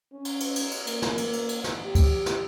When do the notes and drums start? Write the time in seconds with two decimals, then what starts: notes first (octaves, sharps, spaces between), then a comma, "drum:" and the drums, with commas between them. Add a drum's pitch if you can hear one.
0.12 C#4
0.25 drum: cymbal
0.40 drum: cymbal
0.56 drum: cymbal
0.71 drum: cymbal
0.87 A#3, drum: cymbal
1.02 drum: snare
1.18 drum: cymbal
1.33 drum: cymbal
1.49 drum: cymbal
1.64 drum: snare
1.86 G4
1.95 drum: kick, cymbal
2.26 drum: snare